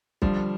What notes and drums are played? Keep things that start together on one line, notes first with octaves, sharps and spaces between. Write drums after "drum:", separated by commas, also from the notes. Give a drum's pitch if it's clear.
D3 F3 G3, drum: kick